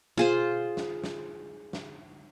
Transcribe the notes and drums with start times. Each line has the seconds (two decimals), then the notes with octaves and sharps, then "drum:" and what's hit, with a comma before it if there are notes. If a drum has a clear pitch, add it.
0.18 F4 G#4 C5, drum: tom B2
0.77 drum: snare
1.04 drum: snare
1.73 drum: snare